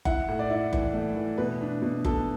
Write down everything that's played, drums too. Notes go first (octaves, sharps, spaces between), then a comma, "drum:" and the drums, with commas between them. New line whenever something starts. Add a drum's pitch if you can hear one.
E4 F#5, drum: kick F#1
A2
D5
E4
E3, drum: kick F#1
A3
E3
B2 B4
D4
B2
B2 A4, drum: kick F#1